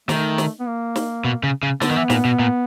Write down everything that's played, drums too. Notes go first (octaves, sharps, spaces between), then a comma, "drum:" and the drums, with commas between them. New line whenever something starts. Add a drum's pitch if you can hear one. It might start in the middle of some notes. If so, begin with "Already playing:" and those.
D#3 A3, drum: snare
drum: snare
B3
A#3
drum: snare
B2
C#3
C#3
D3 B3, drum: snare
D#3
E3
A#2, drum: snare
B2
A#2